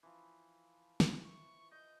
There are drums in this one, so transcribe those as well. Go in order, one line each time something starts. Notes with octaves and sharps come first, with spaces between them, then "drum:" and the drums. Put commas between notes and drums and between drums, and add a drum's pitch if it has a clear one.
E3 F3
drum: snare
C#6
D#5 G6